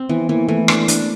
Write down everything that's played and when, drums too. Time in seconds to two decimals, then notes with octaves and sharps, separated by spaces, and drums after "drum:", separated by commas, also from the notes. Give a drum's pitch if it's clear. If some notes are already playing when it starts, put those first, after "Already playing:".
Already playing: C4
0.09 E3 B3
0.29 E3 A#3
0.48 E3 A3
0.68 D4, drum: rim click
0.88 D4, drum: hi-hat